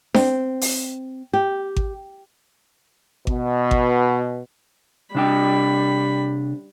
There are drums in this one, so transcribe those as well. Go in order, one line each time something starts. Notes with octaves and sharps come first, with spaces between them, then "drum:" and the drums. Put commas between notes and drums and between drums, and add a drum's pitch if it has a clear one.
C4, drum: snare D4
drum: open hi-hat
G4
drum: kick G#1
B2, drum: kick G#1
drum: kick G#1
C3 G3 D4 G5 B5